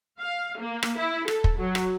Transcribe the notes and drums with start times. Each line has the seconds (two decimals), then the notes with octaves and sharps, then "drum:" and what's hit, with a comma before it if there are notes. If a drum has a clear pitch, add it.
0.19 F5
0.59 A#3
0.83 drum: rim click
0.98 E4
1.28 A4, drum: rim click
1.44 drum: kick
1.58 F#3
1.75 drum: rim click